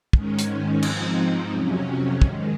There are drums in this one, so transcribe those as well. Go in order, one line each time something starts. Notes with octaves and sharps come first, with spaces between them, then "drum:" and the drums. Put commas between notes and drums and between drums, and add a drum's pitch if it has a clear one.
G#2 D#3 G#3 C#4, drum: kick
drum: hi-hat
G#2 F3 C4 D#4, drum: cymbal
F2 C3 F#3 C#4
G#2 D#3 G#3, drum: kick